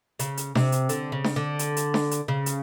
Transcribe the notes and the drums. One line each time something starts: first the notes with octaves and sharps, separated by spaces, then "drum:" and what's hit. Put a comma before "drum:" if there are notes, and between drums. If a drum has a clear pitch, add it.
C#3, drum: hi-hat
drum: hi-hat
C3, drum: snare D4
drum: hi-hat
D3, drum: hi-hat
C#3
drum: snare D4
D3
drum: hi-hat
drum: hi-hat
drum: snare D4
drum: hi-hat
C#3
drum: hi-hat